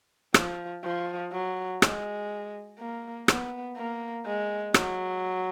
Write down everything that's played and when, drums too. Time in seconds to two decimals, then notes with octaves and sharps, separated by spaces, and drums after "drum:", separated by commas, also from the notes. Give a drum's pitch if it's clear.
0.34 F3, drum: rim click
0.84 F3
1.32 F#3
1.82 G#3, drum: rim click
2.79 A#3
3.28 B3, drum: rim click
3.77 A#3
4.26 G#3
4.74 F#3, drum: rim click